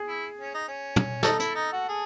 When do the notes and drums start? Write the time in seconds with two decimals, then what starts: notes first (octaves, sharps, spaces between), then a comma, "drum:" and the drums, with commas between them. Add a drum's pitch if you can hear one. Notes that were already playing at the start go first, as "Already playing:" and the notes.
Already playing: G#4
0.08 E4
0.41 C#4
0.54 D#4
0.68 C#4
0.96 drum: tom
1.23 D#4 A4, drum: snare
1.39 E4, drum: hi-hat
1.55 D#4
1.72 F#4
1.89 G#4